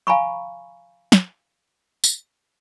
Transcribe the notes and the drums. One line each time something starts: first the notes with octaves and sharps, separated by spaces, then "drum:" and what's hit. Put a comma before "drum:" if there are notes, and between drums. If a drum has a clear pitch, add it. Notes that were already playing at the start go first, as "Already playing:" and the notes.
F5 G#5 A#5 B5 C#6
drum: snare
drum: tambourine